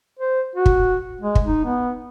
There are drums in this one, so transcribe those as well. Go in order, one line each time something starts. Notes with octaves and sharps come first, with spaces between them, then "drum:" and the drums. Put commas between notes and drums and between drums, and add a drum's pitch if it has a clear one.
C5
F#4
drum: kick
G#3
drum: kick
D#4
B3